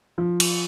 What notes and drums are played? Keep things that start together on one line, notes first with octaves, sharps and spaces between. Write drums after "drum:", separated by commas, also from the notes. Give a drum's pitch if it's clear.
F3
drum: cymbal